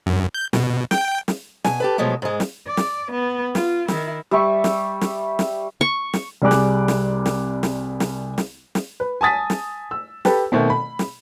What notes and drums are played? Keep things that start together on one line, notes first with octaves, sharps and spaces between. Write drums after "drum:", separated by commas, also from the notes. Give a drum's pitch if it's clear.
F#2
G6
B2, drum: snare
G5, drum: snare
drum: snare
B2 G#5, drum: snare
G4 A4 B4
B2 F3 F#3 G#3 A3
G#2 G#3
drum: snare
D5
drum: snare
B3
F4, drum: snare
D#3 E4, drum: snare
G3 E5 C#6
drum: snare
drum: snare
drum: snare
C#6
drum: snare
C2 G3 G#4 D6 F#6
drum: snare
drum: snare
drum: snare
drum: snare
drum: snare
drum: snare
drum: snare
B4
G#5 A5 D#6 A6 B6
drum: snare
E6
G4 A4 B4, drum: snare
B2 D#3 A3 C4
B5
drum: snare